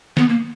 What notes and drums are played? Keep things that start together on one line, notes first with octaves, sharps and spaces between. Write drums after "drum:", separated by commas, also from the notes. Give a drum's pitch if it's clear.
B3, drum: snare
A#3